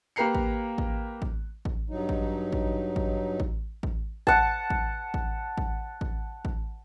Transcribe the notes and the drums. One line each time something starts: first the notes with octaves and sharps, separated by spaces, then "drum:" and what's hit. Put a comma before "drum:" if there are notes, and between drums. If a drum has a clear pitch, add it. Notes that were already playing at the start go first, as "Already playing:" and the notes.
A#3 G4 B4 A#5 C7 C#7
drum: kick A1
drum: kick A1
drum: kick A1
drum: kick A1
G2 F#3 D#4
drum: kick A1
drum: kick A1
drum: kick A1
drum: kick A1
drum: kick A1
F#5 A5, drum: kick A1
drum: kick A1
drum: kick A1
drum: kick A1
drum: kick A1
drum: kick A1